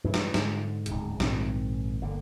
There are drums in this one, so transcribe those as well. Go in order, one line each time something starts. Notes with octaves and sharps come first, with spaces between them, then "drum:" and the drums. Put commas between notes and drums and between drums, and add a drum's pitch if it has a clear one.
G2 C#3 E3
drum: snare
G#2 D3, drum: snare
D1 G#2 C#3, drum: hi-hat
A#1 G#2 D#3 C4, drum: snare
G1 D3 A#3